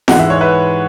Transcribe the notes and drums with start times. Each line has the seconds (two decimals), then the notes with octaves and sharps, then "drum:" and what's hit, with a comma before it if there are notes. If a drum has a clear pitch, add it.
0.08 G#2 E3 G#3 F#5, drum: snare F4
0.19 E5
0.30 C#5
0.41 B4 E5